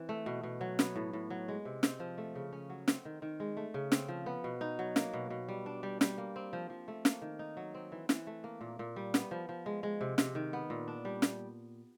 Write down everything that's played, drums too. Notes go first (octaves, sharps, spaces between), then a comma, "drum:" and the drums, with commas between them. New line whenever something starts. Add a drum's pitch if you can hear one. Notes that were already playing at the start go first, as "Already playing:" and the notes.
Already playing: E3 C4
A3
B2
B2
F#3
B3, drum: snare
A2
A2
F#3
G#3
C3
C4, drum: snare
F3
A3
C#3
C#4
F#3
C4, drum: snare
D#3
D#3
G#3
A3
C#3
C4, drum: snare
F3
B3
B2
D#4
F#3
A#3, drum: snare
B2
B2
G3
D4
G3
G3, drum: snare
A#3
C4
F3
F3
A3
A#3, drum: snare
D#3
D#4
F#3
C4
E3
E3, drum: snare
A3
A#3
A#2
A#2
G3
B3, drum: snare
F3
F3
G#3
G#3
C3
C3, drum: snare
D#3
B3
A#2
D4
G3
drum: snare